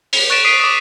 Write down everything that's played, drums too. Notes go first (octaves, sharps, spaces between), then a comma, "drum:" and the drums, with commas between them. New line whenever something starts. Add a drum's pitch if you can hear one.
F7, drum: open hi-hat
C#6 F#6 A6 D7 E7
D#6 B6 C7 D7 D#7
D6 D#6